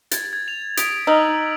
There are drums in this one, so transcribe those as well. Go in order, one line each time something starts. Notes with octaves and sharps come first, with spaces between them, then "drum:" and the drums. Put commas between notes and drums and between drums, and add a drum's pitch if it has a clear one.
G#6 A6, drum: hi-hat
G#6
F7
D#6 B6 D7, drum: hi-hat
D#4 E6 F6 F#7